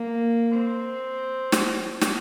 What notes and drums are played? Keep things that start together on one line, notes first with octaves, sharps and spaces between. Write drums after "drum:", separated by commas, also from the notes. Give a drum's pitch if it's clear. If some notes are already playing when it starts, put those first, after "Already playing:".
Already playing: A#3
C4
drum: snare
drum: snare